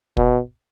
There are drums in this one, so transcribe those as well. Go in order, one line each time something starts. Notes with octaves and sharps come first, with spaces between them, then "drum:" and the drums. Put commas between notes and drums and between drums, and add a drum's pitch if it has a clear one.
B2, drum: kick